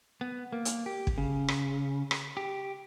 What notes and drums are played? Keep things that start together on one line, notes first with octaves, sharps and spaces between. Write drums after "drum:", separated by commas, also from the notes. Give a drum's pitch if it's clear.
B3
A#3
drum: hi-hat
G4
drum: kick
C#3
drum: rim click
drum: rim click
G4